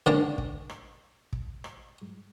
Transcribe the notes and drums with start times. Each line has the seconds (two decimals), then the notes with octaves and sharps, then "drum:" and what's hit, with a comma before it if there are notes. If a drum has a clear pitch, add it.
0.06 D3 A#3 C#4 D4
0.38 drum: kick
0.69 drum: rim click
1.33 drum: kick
1.64 drum: rim click